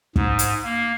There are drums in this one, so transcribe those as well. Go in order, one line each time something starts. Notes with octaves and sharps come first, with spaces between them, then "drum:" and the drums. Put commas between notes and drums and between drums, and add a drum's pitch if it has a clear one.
G#2, drum: kick
drum: hi-hat
A#3